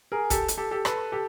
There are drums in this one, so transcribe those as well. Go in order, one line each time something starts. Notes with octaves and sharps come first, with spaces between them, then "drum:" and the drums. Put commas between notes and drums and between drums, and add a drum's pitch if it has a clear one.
G#4 A#4
G4 A4, drum: kick, hi-hat
drum: hi-hat
G4 A4
G4 A4
A4 B4, drum: rim click
G4 A4